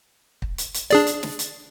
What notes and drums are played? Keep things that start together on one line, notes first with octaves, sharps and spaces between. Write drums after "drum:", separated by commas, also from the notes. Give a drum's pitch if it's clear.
drum: kick
drum: hi-hat
drum: hi-hat
D4 G#4 D5, drum: snare
drum: hi-hat
drum: snare
drum: hi-hat